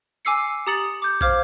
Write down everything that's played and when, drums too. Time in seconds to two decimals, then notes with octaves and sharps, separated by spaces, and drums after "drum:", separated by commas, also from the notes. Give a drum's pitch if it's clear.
0.25 G#5 D6 E6 C7 C#7
0.67 G4 A#5 D#6 A6 C#7 F#7
1.02 D6 G6
1.21 C5 F5 D6 F6 G#6, drum: kick